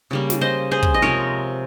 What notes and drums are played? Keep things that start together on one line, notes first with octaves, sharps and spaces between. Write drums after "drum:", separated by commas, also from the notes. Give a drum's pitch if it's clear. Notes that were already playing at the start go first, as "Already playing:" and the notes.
C#3 G3 A#3
drum: snare
C5 D#5
G#4 C5
drum: kick
D#5
C3 F3 G#3 A#4 C#5